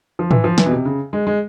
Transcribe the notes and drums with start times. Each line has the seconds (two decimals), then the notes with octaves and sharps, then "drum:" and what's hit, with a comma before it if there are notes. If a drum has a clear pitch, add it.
0.19 F3
0.31 E3, drum: tom
0.44 F3
0.58 E3, drum: snare
0.66 B2
0.71 C3
0.85 C#3
1.13 G#3
1.27 G#3